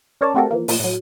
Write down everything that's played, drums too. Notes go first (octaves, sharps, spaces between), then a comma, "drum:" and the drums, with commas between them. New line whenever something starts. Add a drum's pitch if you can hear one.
C#4 A#4 C#5 D5 A5
A3 C4 F#4 G4 A4 A#4
E3 F3 A#3
A#2 F3 E7, drum: open hi-hat
A2 F#3